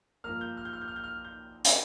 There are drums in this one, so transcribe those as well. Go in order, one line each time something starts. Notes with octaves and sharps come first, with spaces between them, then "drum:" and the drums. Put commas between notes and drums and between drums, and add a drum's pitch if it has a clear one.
G2 F3 A#3 F6
G6
F6
G6
F6
G6
F6
G6
F6
G6
drum: hi-hat